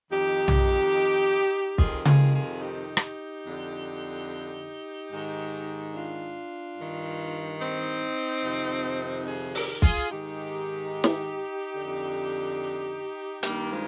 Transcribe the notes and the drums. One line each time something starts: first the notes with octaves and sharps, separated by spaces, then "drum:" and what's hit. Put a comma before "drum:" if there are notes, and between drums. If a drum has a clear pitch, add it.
F2 D#3 D#4 G4
drum: tom
F2 C3 D#3 F4 G#4, drum: kick
F4 G#4, drum: tom C#3
F4 G#4
D#4 G4
drum: rim click
F2 D3
G#2 D#3
D4 F4
G2 D#3
C4 D#4
F2 C3 D#3
F4 G#4
G4 A#4, drum: open hi-hat
F4 G#4, drum: kick
G#2 D#3 D#4 G4
drum: snare
F2 D3
G2 D#3 G3 A#3, drum: hi-hat
F3 G#3